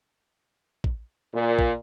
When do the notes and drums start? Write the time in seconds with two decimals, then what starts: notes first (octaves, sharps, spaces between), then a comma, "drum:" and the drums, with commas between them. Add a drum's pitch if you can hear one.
0.84 drum: kick
1.34 A#2
1.59 drum: kick